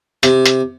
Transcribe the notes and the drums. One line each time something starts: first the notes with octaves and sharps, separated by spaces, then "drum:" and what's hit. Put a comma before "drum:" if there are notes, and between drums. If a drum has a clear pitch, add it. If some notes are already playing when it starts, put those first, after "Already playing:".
C3, drum: hi-hat
drum: hi-hat